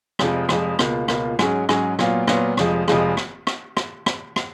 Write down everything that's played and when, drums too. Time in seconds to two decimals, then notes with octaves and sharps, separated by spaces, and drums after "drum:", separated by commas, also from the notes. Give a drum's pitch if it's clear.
0.19 F1 F2 F3 G#3, drum: rim click
0.49 F1 F2 F3 G#3, drum: rim click
0.79 C#2 B2 A#3 F4, drum: rim click
1.08 C#2 B2 A#3 F4, drum: rim click
1.39 G#2 F#3 C#4 G#4, drum: rim click
1.69 G#2 F#3 C#4 G#4, drum: rim click
1.99 A#2 F#3 B3 F4, drum: rim click
2.27 A#2 F#3 B3 F4, drum: rim click
2.57 F1 F2 F3 G#3, drum: rim click
2.88 F1 F2 F3 G#3, drum: rim click
3.17 drum: rim click
3.47 drum: rim click
3.77 drum: rim click
4.06 drum: rim click
4.36 drum: rim click